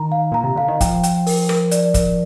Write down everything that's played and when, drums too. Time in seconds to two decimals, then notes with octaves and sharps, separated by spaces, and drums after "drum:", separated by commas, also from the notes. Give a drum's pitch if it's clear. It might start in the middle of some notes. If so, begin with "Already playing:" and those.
Already playing: D#3 A#5
0.12 F5
0.32 A#2 A#5
0.44 C3
0.56 D3 F5
0.68 D#3
0.81 F3 G5, drum: kick, hi-hat
1.03 G5, drum: hi-hat
1.27 A#4, drum: open hi-hat
1.49 A#4, drum: rim click
1.71 D5, drum: hi-hat
1.94 A#4, drum: kick, hi-hat